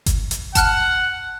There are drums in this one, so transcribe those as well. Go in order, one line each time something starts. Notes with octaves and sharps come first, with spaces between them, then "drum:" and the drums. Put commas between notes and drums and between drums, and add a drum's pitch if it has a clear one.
drum: kick G1, hi-hat
drum: hi-hat
F#5 A5 F6 F#6, drum: kick G1, hi-hat